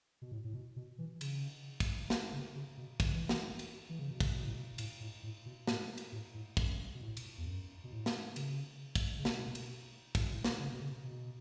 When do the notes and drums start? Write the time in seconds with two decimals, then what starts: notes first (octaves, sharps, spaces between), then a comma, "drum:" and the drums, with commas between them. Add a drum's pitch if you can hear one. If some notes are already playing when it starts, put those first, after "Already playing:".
0.22 B2
0.32 A2
0.44 A2
0.54 B2
0.76 B2
0.98 E3
1.21 C#3, drum: cymbal
1.80 drum: kick, cymbal
2.10 drum: snare
2.33 C#3
2.55 C#3
2.77 B2
3.00 E3, drum: kick, cymbal
3.07 C#3
3.14 E3
3.29 drum: snare
3.59 drum: cymbal
3.89 E3
3.99 C#3
4.10 B2
4.20 C#3, drum: kick, cymbal
4.34 B2
4.43 A2
4.53 B2
4.78 A2, drum: cymbal
5.00 A2
5.23 A2
5.46 B2
5.67 A2, drum: snare
5.98 drum: cymbal
6.12 A2
6.35 A2
6.57 F#2, drum: kick
6.94 B2
7.01 A2
7.17 drum: cymbal
7.38 E2
7.46 F#2
7.84 B2
7.92 A2
8.06 drum: snare
8.36 C#3, drum: cymbal
8.95 drum: kick, cymbal
9.19 C#3
9.25 B2, drum: snare
9.55 drum: cymbal
10.15 A2, drum: kick, cymbal
10.24 B2
10.34 A2
10.44 drum: snare
10.59 C#3
10.70 B2
10.80 C#3
11.04 B2